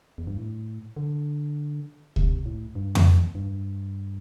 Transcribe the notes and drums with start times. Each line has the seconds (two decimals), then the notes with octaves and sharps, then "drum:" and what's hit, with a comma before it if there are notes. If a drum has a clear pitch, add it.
0.18 E2
0.27 G2
0.37 A2
0.96 D3
2.16 C3, drum: kick C#2
2.46 A2
2.75 G2
2.95 drum: tom F2
3.05 E2
3.35 G2